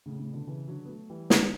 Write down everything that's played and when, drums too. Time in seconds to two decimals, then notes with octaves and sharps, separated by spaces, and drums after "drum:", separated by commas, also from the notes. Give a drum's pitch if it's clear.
0.06 A2 C#3
0.19 A2 C#3
0.33 B2 D3
0.47 C#3 E3
0.68 D3 F#3
0.85 B3
0.89 F#3 A3
1.09 E3 G3
1.30 D3 F#3, drum: snare